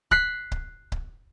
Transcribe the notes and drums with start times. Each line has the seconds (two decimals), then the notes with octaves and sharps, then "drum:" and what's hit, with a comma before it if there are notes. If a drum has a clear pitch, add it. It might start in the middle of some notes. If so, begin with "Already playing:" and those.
0.11 F#6 B6 C7, drum: kick C#1
0.52 drum: kick C#1
0.92 drum: kick C#1